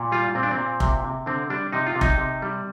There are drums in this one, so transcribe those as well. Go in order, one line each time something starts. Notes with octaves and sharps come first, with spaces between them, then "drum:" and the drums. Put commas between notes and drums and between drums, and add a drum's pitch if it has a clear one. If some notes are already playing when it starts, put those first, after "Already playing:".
Already playing: A#2
G3 F4
A#2 C4
D4
C4
A#2
C3, drum: kick F1
C3
D3 C4
G3 D4
C3 D#4
F4
C3
D#4, drum: kick F1
C3
G3